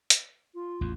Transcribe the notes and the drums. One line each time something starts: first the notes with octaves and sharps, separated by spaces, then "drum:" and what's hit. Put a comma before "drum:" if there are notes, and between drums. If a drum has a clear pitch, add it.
drum: hi-hat
F4
A1 E2